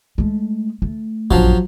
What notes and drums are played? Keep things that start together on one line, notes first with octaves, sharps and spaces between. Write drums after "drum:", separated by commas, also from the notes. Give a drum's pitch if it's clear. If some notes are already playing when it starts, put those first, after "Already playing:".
G#3 A3
A3
A#1 F#2 F3 F#3, drum: kick A1